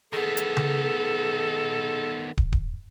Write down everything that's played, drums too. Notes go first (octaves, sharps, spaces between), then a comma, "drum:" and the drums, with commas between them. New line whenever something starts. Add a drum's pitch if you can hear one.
D#3 B3 G#4 A4
drum: hi-hat
drum: tom C#3
drum: kick
drum: kick